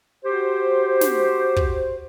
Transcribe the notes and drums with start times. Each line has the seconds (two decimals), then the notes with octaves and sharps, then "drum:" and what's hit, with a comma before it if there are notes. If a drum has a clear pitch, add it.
0.25 F#4 G4 C5
1.01 drum: snare
1.56 drum: kick